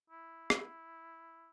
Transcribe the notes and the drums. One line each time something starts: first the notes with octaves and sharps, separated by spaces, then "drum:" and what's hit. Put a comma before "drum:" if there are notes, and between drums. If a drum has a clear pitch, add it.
E4
drum: rim click